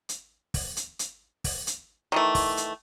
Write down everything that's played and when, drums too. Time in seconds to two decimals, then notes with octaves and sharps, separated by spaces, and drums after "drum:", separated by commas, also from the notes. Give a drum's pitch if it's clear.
0.09 drum: hi-hat
0.54 drum: kick, open hi-hat
0.77 drum: hi-hat
0.99 drum: hi-hat
1.44 drum: kick, open hi-hat
1.67 drum: hi-hat
2.12 D#3 E3 A3
2.35 drum: kick, open hi-hat
2.57 drum: hi-hat